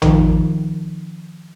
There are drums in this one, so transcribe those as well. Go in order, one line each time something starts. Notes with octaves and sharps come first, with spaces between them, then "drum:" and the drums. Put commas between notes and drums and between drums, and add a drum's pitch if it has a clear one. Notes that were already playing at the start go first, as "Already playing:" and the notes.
D#3 F3, drum: tom A1